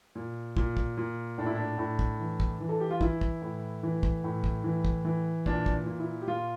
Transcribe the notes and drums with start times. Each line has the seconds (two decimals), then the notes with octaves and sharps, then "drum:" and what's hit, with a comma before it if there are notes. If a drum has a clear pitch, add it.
0.15 A#2
0.57 A#2, drum: kick
0.77 drum: kick
0.97 A#2
1.38 A2 D4
1.46 E4
1.55 D4
1.78 A2
1.99 drum: kick
2.20 E3
2.40 drum: kick
2.60 E3
2.69 A4
2.80 G4
2.91 F4
3.01 E3 E4, drum: kick
3.21 drum: kick
3.42 A2
3.83 E3
4.03 drum: kick
4.24 A2
4.44 drum: kick
4.64 E3
4.85 drum: kick
5.05 E3
5.46 A#2 D4, drum: kick
5.66 drum: kick
5.86 A#2
6.00 E4
6.22 G4
6.27 A#2 F4